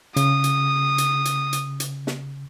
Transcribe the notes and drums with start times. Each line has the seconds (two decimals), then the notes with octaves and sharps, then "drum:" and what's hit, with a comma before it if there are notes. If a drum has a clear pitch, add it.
0.16 C#3 D#6, drum: hi-hat
0.44 drum: hi-hat
0.98 drum: hi-hat
1.25 drum: hi-hat
1.53 drum: hi-hat
1.80 drum: hi-hat
2.07 drum: snare